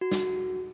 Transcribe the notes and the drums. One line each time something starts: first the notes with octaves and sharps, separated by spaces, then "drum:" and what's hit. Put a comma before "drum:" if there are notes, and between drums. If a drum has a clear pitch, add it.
F#4
drum: snare